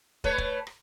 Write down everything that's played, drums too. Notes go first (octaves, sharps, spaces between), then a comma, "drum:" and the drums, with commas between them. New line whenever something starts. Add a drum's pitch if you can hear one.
A3 B4 C#5, drum: kick
drum: kick
drum: rim click